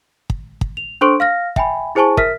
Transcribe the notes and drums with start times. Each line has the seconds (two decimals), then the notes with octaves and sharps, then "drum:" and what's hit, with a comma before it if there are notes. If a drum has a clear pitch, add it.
0.30 drum: kick
0.61 drum: kick
0.77 F7
1.01 D4 A4 C5 C6 C#6 D7
1.20 F5 F6 A#6
1.56 E5 G5 G#5 B5, drum: kick
1.95 E4 G#4 C5 G#5 A5 C#6
2.17 A#4 E5 F6 B6, drum: kick